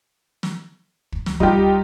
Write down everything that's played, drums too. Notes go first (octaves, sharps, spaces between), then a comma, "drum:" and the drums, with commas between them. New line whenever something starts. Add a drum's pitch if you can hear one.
drum: snare
drum: kick
drum: snare
G3 D#4 F4 G4, drum: kick